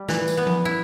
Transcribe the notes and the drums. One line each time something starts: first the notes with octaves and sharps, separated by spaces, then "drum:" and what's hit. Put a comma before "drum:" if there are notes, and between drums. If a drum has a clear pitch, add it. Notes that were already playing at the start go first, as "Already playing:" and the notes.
Already playing: G3
E3, drum: snare
drum: tambourine
B3
drum: tom F3
E4